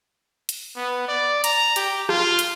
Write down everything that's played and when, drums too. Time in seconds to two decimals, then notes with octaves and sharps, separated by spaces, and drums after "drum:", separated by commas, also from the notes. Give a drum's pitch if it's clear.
0.49 drum: hi-hat
0.76 B3
1.08 D5
1.44 A#5, drum: hi-hat
1.76 G4, drum: hi-hat
2.09 F4, drum: rim click
2.39 drum: hi-hat